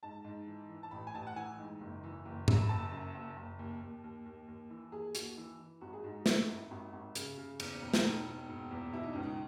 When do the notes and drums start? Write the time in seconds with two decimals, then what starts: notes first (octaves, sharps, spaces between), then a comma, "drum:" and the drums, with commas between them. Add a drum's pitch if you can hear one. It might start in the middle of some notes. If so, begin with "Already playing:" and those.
0.03 G#2 A5
0.24 G#2
0.47 E3
0.69 E3
0.83 A5
0.91 A1 B5
1.07 G#5
1.14 A1 A5
1.27 F#5
1.36 E3 G#5
1.58 G#2
1.81 F#1
2.03 E3
2.26 F#1
2.48 F#2, drum: tom G#2
2.62 B5
2.69 F#1 A5
2.92 F#2
3.15 F#1
3.37 F#1
3.59 D#2
3.81 D#2
4.04 D#2
4.26 D#2
4.48 D#2
4.70 E3
4.92 D#2 G#4
5.15 D#2 F#4, drum: hi-hat
5.37 E3
5.59 E3
5.81 G#1 F#4
5.93 G#4
6.04 G#2 F#4
6.16 D#4
6.26 G#2 E4, drum: snare
6.48 G#1
6.71 G#1
6.93 G#1
7.15 C#3, drum: hi-hat
7.37 C#3
7.60 E2, drum: cymbal
7.82 E1
7.94 drum: snare
8.04 E1 D#4
8.27 E1
8.49 E1
8.71 E2
8.93 B2 E4
9.03 D#4
9.13 C#2 C#4
9.23 D#4